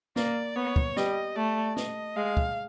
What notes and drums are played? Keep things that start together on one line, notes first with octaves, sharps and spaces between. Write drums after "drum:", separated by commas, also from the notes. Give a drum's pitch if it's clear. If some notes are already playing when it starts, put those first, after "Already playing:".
A#3 D5, drum: snare
B3 C#5
drum: kick
G3 D#5, drum: snare
A3 D5
D#5, drum: snare
G#3 F5
drum: kick